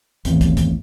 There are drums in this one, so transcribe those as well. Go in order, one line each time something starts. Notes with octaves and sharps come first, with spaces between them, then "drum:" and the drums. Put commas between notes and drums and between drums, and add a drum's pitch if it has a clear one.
G#1 E2 A2, drum: hi-hat
drum: kick, hi-hat
drum: kick, hi-hat